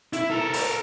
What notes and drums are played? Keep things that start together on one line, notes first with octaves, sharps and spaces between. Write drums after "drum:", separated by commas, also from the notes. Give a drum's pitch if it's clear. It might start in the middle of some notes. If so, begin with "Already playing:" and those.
E4, drum: hi-hat
A4 A#4
drum: open hi-hat